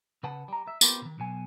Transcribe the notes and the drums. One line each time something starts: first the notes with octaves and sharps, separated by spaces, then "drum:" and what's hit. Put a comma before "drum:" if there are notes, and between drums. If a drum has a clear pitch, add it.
C#3 B4 F#5 A5
G3 A#5
E5
B3 C4 F4 G4 A#4 B4, drum: tambourine
C3 D#3
B1 B2 G#5